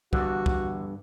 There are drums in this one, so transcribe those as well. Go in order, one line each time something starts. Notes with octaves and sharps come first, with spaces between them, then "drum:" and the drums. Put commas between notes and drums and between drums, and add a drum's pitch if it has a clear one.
E2 G2 D3 F#4, drum: kick
drum: kick